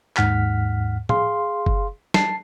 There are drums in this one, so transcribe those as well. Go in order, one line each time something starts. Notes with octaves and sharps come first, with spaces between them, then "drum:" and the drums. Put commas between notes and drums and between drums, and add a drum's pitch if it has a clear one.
D#2 G#2 F#5 F6 B6, drum: clap
G#4 F5 C6, drum: tom
drum: kick F#1
A5 C7, drum: snare